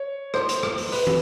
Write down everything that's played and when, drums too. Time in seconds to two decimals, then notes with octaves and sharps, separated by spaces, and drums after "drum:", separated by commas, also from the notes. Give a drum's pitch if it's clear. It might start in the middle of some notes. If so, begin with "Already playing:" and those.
Already playing: C#5
0.34 C5, drum: rim click
0.49 drum: hi-hat
0.63 drum: rim click
0.78 drum: open hi-hat
0.92 B4, drum: open hi-hat
1.07 drum: tom